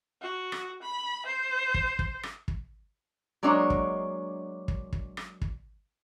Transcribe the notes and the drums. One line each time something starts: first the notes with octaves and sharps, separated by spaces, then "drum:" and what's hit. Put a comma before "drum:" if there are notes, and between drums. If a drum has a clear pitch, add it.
F#4
drum: rim click
B5
C5
drum: kick
drum: kick
drum: rim click
drum: kick
F#3 G#3 A#3 D4 C#5 D#5
drum: kick
drum: kick
drum: kick
drum: rim click
drum: kick